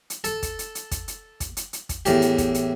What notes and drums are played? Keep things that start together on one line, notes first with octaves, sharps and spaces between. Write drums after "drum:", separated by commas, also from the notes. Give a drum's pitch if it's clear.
drum: hi-hat
A4, drum: hi-hat
drum: kick, hi-hat
drum: hi-hat
drum: hi-hat
drum: kick, hi-hat
drum: hi-hat
drum: kick, hi-hat
drum: hi-hat
drum: hi-hat
drum: kick, hi-hat
E2 A2 G4, drum: hi-hat
drum: hi-hat
drum: kick, hi-hat
drum: hi-hat